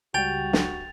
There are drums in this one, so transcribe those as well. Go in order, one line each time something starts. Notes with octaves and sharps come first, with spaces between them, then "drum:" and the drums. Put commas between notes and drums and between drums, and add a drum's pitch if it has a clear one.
C#2 G3 F#4 G5 A6 F7
drum: snare